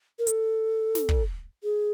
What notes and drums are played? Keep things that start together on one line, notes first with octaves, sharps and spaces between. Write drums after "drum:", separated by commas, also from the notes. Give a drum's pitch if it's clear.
A#4
A4, drum: hi-hat
drum: snare
drum: kick
G#4